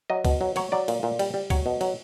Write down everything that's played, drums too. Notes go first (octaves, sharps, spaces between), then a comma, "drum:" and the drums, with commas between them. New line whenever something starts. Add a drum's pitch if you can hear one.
F#3 D#5
B2, drum: kick, cymbal
F#3
F#3 C#5, drum: cymbal
F#3 D5
A#2, drum: cymbal
A#2
G3, drum: cymbal
G3
F#3 C#5, drum: kick, cymbal
B2
F#3, drum: cymbal